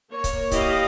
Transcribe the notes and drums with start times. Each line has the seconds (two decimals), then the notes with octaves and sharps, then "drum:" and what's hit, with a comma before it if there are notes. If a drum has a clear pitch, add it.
0.10 A#3 C#5
0.24 drum: kick C#1, hi-hat
0.51 E4 G4 D#5 F5, drum: kick C#1, hi-hat